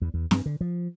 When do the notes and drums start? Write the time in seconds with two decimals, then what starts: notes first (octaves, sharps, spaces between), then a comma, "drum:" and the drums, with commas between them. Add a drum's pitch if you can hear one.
0.02 E2
0.14 E2
0.31 G2, drum: snare
0.46 D3
0.61 F3